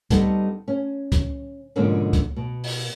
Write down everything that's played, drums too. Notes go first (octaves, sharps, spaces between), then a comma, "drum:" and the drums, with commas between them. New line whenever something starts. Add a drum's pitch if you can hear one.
G3 B3 C4 D#4 A4, drum: kick C#2, hi-hat
C#4
drum: kick C#2, hi-hat
F2 G#2 B2 D3 A#3 C#4
drum: kick C#2, hi-hat
B2
drum: open hi-hat